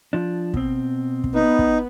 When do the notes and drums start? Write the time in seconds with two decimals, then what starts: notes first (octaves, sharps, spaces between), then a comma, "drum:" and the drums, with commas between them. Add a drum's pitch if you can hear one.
0.13 F3 D4
0.54 B2 C4, drum: kick
1.24 drum: kick
1.35 B3 D#4
1.59 drum: kick